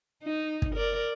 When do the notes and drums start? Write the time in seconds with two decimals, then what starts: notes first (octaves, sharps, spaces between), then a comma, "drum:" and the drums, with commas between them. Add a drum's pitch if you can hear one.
0.23 D#4
0.62 drum: kick
0.75 A#4 D5